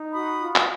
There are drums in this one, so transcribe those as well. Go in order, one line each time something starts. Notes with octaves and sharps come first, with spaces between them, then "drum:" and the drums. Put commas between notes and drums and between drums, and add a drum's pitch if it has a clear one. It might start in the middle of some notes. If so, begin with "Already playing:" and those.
Already playing: D#4
F#4 B5 D#6
F4
drum: clap